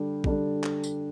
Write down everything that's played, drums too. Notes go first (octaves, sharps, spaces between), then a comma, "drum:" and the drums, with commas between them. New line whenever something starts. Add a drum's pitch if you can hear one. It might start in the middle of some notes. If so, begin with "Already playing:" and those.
Already playing: D3 G3 D4 A4
D3 G3 D4 A4, drum: kick
drum: clap
drum: tambourine